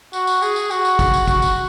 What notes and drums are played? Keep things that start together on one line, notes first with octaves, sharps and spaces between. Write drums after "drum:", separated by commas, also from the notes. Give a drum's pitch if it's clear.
F#4, drum: tambourine
drum: tambourine
G#4, drum: tambourine
drum: tambourine
F#4, drum: tambourine
drum: tambourine
drum: kick, tambourine
drum: tambourine
F#4, drum: kick, tambourine
drum: tambourine